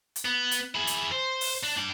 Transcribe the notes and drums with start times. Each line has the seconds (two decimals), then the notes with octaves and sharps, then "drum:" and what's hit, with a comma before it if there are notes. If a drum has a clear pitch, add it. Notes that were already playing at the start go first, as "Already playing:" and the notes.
0.16 drum: hi-hat
0.25 B3
0.51 drum: hi-hat
0.75 E4 G#4
0.87 drum: hi-hat
1.12 C5
1.41 drum: open hi-hat
1.63 D4
1.77 D4 G5